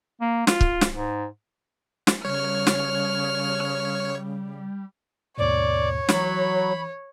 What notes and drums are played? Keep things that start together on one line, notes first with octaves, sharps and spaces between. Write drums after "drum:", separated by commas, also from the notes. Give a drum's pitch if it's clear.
A#3
F4, drum: snare
drum: kick
drum: snare
G#2
drum: snare
C#3 G3 C#5 F6
drum: snare
D#2 G#2 B2 C#5 D5
E3 F#3 B5, drum: snare